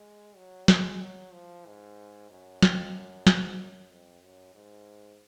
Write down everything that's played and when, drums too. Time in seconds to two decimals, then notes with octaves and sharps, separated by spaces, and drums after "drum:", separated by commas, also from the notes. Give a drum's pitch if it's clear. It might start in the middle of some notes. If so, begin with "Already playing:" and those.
Already playing: G#3
0.36 F#3
0.68 G#3, drum: snare
1.01 F#3
1.33 F3
1.66 G#2
2.30 F#2
2.62 F2, drum: snare
2.94 F#2
3.27 G#2, drum: snare
3.59 F#2
3.91 F2
4.23 F#2
4.55 G#2